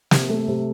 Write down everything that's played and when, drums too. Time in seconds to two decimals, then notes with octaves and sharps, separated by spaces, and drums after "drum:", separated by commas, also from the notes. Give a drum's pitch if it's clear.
0.11 C3, drum: snare
0.29 A3
0.48 C3